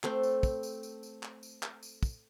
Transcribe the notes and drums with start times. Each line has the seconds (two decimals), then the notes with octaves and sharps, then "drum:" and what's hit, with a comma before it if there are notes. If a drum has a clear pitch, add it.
0.03 A3 C4, drum: clap
0.23 drum: tambourine
0.43 drum: kick, tambourine
0.63 drum: tambourine
0.83 drum: tambourine
1.03 drum: tambourine
1.23 drum: clap
1.43 drum: tambourine
1.63 drum: clap
1.83 drum: tambourine
2.03 drum: kick, tambourine